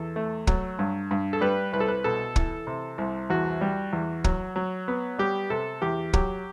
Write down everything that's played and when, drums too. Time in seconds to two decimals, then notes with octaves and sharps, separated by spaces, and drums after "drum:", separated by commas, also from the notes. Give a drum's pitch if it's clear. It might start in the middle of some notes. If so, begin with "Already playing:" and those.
Already playing: E2 A4
0.16 A3
0.47 F#3, drum: kick
0.79 G2
1.11 G2
1.33 A4
1.41 G3 B4
1.73 C2 B4
1.80 A4
1.88 B4
2.04 B2 A4
2.36 E3, drum: kick
2.67 C3
2.98 C2
3.30 E2 F#4
3.61 G3
3.93 E2
4.24 F#3, drum: kick
4.56 F#3
4.88 B3
5.19 G3 G4
5.50 C3 A4
5.82 E2 G4
6.13 F#3 G4, drum: kick